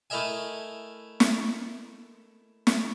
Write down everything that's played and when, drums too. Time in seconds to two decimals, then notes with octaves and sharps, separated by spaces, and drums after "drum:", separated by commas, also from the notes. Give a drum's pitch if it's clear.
0.10 A3 E4 A#4 D#5 E5 G#5
1.20 drum: snare
2.67 drum: snare